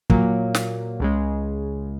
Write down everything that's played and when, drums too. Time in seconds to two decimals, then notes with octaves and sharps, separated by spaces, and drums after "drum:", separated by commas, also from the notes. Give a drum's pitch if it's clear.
0.10 A#2 F#3 A#3, drum: kick
0.55 drum: snare
1.00 C#2 C#3 G#3